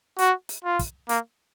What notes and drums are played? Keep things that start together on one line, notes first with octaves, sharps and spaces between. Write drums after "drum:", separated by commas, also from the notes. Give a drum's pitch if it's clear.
F#4, drum: hi-hat
drum: hi-hat
F4
drum: kick, hi-hat
A#3, drum: hi-hat